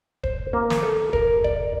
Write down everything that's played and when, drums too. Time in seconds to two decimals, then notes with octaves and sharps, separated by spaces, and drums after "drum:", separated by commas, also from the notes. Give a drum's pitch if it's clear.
0.23 C5, drum: kick D#1
0.53 A#3
0.70 drum: snare
0.83 A4
1.13 A#4, drum: kick D#1
1.44 D5, drum: kick D#1